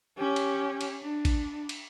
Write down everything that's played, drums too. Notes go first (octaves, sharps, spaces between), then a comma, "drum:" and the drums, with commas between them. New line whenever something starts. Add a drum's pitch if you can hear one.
C#4 G4
drum: cymbal
drum: cymbal
D4
drum: kick, cymbal
drum: cymbal